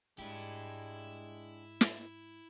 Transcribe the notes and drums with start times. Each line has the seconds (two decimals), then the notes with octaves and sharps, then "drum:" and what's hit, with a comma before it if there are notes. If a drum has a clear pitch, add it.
0.19 G#2 G#3 D4 E4 G4
1.81 drum: snare